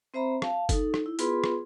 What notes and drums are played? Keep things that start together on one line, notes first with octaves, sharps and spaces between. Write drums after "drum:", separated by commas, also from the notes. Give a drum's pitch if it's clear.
C4 C5 E5 A#5 B5
F5 A5, drum: rim click
D#4 A4, drum: kick F#1, hi-hat
drum: rim click
E4
B3 F4 G#4 B4 B5 C6, drum: hi-hat
drum: rim click